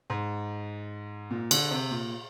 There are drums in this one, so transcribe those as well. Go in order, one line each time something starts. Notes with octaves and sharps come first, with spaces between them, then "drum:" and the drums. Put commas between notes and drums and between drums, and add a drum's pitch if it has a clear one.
G#2
A#2
D3, drum: cymbal
C3
A#2